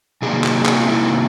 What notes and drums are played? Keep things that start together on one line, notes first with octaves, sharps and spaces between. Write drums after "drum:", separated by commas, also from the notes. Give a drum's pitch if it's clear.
C3 D#3 F#3 A#3 G#4
G#4, drum: clap
F#4, drum: clap
F4
E4